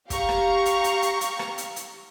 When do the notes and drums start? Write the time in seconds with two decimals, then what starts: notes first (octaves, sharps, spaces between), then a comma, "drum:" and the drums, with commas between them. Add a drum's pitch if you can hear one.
0.10 G4 F5 A#5 C#6, drum: kick, hi-hat
0.29 drum: rim click
0.65 drum: hi-hat
0.84 drum: hi-hat
1.02 drum: hi-hat
1.21 drum: hi-hat
1.39 drum: rim click
1.58 drum: hi-hat
1.76 drum: hi-hat